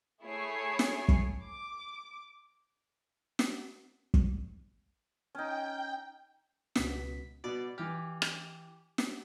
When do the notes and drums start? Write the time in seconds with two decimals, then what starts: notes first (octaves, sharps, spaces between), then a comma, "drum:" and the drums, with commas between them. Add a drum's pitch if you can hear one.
0.23 A3 E4 G#4 C#5 C7
0.79 drum: snare
1.08 drum: kick
1.45 D6
3.39 drum: snare
4.14 drum: kick
5.35 C#4 D#4 G5
6.75 C#2 B2 B6, drum: snare
7.44 B2 B3 D5
7.78 E3 G4 F6
8.22 drum: rim click
8.98 drum: snare